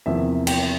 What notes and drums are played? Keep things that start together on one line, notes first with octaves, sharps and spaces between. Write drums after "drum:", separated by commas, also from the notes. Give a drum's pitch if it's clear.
E2 C3 F3 A#3 E5
G5, drum: cymbal